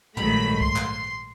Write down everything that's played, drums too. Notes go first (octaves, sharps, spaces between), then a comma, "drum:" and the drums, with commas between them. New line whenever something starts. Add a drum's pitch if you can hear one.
A#1 G#2 D#3 F#3 A3 B5, drum: tom
C6, drum: kick C2
drum: clap